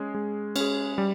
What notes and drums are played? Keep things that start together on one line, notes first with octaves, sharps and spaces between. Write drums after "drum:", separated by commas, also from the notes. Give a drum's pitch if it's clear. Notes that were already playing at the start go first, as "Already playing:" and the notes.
Already playing: G#3 C#4 G#4
G#3
C#4, drum: cymbal
G#4
G3